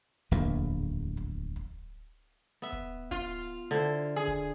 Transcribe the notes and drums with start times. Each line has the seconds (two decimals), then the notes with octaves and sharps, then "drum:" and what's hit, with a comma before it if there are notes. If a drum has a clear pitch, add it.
0.31 D1 A#1 E2 A2
1.17 drum: kick
1.56 drum: kick
2.62 B3 E5
2.72 drum: kick
3.11 F4, drum: kick
3.71 D3 E4 C5
4.16 G#4
4.28 drum: kick